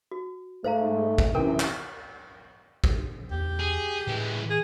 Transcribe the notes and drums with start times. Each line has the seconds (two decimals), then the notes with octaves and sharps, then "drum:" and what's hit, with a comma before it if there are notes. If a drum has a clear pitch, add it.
0.11 F#4
0.64 G#2 A3 C5 F5 A#5
1.18 drum: kick A1
1.35 F#2 C3 E3 A#4 G5
1.60 drum: clap
2.84 drum: kick A1
3.31 E2 G4
3.59 G#4
4.07 A2 E3 G#3
4.50 G#4